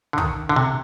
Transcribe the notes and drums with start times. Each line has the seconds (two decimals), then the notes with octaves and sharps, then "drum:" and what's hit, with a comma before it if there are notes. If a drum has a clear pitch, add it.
0.13 D3
0.18 D#3, drum: kick
0.49 D3
0.56 C3